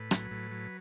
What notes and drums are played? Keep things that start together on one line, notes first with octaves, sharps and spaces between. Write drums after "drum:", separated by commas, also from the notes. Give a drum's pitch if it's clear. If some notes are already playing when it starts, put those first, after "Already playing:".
Already playing: A2 B4
F#3, drum: rim click
A2
F#3